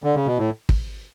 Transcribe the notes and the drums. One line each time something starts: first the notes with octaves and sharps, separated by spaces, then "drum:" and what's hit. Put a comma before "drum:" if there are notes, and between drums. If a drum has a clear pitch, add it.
D3
C#3
B2
A2
drum: kick